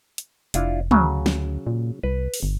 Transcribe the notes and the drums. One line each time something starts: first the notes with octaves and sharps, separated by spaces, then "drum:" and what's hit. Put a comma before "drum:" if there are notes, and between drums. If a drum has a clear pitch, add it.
drum: hi-hat
F1 D4 E4 F4, drum: hi-hat
D2 C#3 F#3, drum: tom
drum: snare
A#2
C2 B4
drum: open hi-hat
G1